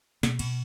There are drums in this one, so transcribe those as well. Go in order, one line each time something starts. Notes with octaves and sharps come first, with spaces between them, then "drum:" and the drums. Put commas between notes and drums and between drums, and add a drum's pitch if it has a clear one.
B2, drum: snare
B2, drum: cymbal